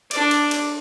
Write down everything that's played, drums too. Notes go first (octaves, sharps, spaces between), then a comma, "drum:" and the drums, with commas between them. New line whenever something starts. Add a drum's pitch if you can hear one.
D4 D5, drum: cymbal
drum: cymbal
drum: cymbal